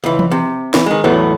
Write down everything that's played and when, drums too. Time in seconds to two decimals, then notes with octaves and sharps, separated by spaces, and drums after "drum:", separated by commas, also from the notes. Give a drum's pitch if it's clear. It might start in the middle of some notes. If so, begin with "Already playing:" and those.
0.04 C#2 E3
0.19 drum: tom E3
0.31 C3
0.74 E3, drum: snare
0.86 D#3 G#3
1.04 E2 A2 E3 F#3 A3 B3